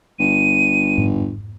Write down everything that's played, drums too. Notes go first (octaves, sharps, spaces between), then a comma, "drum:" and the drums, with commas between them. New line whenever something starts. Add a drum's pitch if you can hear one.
G1 D#7
drum: tom G#2